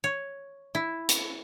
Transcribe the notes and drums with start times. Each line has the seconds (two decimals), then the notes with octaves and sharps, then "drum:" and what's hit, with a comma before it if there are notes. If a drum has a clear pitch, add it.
0.04 C#5
0.75 E4
1.09 drum: hi-hat